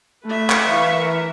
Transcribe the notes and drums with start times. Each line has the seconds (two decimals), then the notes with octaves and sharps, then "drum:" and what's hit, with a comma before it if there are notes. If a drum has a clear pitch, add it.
0.25 A3 B4 E5
0.50 drum: clap
0.65 E3 F5 C#6
0.96 A#4